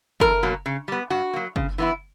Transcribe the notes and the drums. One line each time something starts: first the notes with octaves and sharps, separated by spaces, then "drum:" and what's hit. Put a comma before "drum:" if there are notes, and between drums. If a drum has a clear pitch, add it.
E2 A#4, drum: kick F#1
B2 F#3 A#3
C#3
G3 B3
G2 F#4
F#3 A#3
C#3, drum: kick F#1
E3 B3 E4